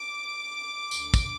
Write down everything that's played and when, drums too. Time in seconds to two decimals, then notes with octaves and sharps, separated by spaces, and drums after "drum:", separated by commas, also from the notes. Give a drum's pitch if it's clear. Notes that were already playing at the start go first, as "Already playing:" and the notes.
Already playing: D6
0.91 D2 D3, drum: tambourine
1.14 drum: kick, tambourine